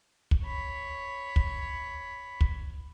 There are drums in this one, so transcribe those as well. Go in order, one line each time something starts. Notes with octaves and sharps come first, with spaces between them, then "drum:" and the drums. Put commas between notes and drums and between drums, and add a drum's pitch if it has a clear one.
drum: kick
C#5 B5
drum: kick
drum: kick